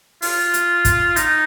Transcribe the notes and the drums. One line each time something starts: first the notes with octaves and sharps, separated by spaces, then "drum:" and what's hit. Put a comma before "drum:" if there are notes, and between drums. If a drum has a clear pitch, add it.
F4, drum: open hi-hat
drum: hi-hat
drum: kick, hi-hat
D#4, drum: hi-hat